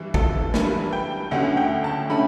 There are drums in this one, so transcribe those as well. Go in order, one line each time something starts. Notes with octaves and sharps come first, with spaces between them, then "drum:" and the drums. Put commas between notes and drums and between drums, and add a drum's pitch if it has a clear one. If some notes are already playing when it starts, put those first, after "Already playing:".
Already playing: G2 E3 G3
A4, drum: kick
G2 E3 G3 B4, drum: snare
G5
D2 D3 A3 C#4 F#5
G5
A5
D3 A3 C#4 B5